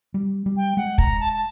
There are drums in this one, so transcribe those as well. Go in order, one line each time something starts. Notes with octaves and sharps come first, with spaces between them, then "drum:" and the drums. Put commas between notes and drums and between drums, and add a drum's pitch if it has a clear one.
G3
G3
G5
G#3 F#5
A#5, drum: kick
A5
A5